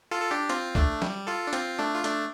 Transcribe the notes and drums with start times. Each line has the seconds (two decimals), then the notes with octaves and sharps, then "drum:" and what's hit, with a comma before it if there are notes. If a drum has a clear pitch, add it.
0.11 F4 A4
0.22 A4
0.31 D4 G4
0.49 C4 F4, drum: hi-hat
0.75 A3 D4, drum: kick
1.02 G3, drum: snare
1.27 F4 A4
1.47 D4
1.53 C4 F4, drum: hi-hat
1.79 A3 D4
1.95 F4
2.04 A3 D4, drum: hi-hat